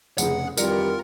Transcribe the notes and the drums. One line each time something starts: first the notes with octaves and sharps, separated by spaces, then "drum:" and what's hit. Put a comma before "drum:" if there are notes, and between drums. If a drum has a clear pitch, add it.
F1 C#3 G#4 F#5, drum: tambourine
F2 D#3 E3 G3 F4 A#4 D5 C#7, drum: tambourine